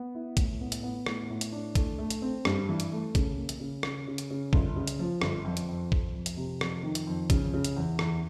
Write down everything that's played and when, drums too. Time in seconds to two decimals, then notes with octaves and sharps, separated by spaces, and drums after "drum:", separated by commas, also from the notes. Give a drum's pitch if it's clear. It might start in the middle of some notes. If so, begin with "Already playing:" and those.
Already playing: B3
0.15 E4
0.37 A2, drum: kick, hi-hat
0.61 B3
0.72 drum: hi-hat
0.83 B3
1.06 A2, drum: rim click
1.30 A2
1.41 drum: hi-hat
1.52 D4
1.75 A3, drum: kick, hi-hat
1.98 A3
2.10 drum: hi-hat
2.22 C4
2.45 G2, drum: rim click
2.69 E3
2.80 drum: hi-hat
2.92 A3
3.15 C#3, drum: kick, hi-hat
3.37 A#3
3.49 drum: hi-hat
3.60 C#3
3.83 C#3, drum: rim click
4.07 C#3
4.18 drum: hi-hat
4.30 C#3
4.53 G1, drum: kick
4.76 C#3
4.87 drum: hi-hat
4.99 F3
5.22 G1, drum: rim click
5.45 F2
5.57 drum: hi-hat
5.69 F2
5.92 F2, drum: kick
6.15 F2
6.26 drum: hi-hat
6.37 C3
6.61 F2, drum: rim click
6.83 D#3
6.95 drum: hi-hat
7.07 F2
7.30 C#3, drum: kick, hi-hat
7.54 C#3
7.65 drum: hi-hat
7.77 E2
7.99 E2, drum: rim click